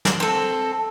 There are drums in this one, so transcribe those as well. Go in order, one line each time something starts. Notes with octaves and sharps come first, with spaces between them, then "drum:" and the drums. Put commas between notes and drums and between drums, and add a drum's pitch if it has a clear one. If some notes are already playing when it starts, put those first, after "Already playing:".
drum: snare
C4 A4